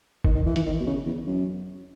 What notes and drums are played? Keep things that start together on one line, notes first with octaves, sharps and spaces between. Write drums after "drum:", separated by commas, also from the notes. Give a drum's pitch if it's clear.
D#3, drum: kick G1
D#3
E3
E3, drum: hi-hat
D#3
B2
C#3
E2
F#2